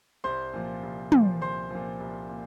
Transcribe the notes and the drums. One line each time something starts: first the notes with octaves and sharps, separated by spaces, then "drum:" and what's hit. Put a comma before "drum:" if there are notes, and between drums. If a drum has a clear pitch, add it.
C2 C5 C6
A#2 F3
C2
A#2 F3, drum: tom
C2 C5 C6
A#2 F3
C2
A#2